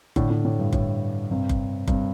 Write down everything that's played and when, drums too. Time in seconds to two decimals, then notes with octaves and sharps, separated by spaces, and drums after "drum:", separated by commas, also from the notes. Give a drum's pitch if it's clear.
0.16 A2 D3, drum: kick F#1
0.30 A2
0.45 A2
0.59 G2
0.73 A2, drum: kick F#1
1.31 G2 C3
1.49 drum: kick F#1
1.88 G2 C3, drum: kick F#1